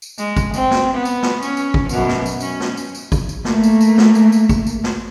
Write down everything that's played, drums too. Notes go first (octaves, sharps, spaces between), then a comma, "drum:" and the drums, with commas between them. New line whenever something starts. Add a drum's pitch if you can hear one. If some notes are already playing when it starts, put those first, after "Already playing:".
drum: tambourine
G#3, drum: tambourine
drum: kick, tambourine
C4, drum: tambourine
drum: snare
B3
drum: tambourine
drum: snare
C#4, drum: tambourine
drum: tambourine
drum: kick
F#2 B2, drum: tambourine
drum: snare
drum: tambourine
C#4, drum: tambourine
drum: snare
drum: tambourine
drum: tambourine
drum: kick, tambourine
drum: tambourine
A3 A#3, drum: snare
drum: tambourine
drum: tambourine
drum: snare
drum: tambourine
drum: tambourine
drum: kick, tambourine
drum: tambourine
drum: snare